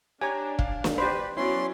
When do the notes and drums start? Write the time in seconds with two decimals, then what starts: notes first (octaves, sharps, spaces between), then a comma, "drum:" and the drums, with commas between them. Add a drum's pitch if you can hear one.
0.21 D4 G4 C#5 G#5 A#5
0.59 F5, drum: kick
0.84 drum: snare
0.98 G4 B4 C5 D5 B5
1.37 F#3 B3 C#4 E4 D5 C6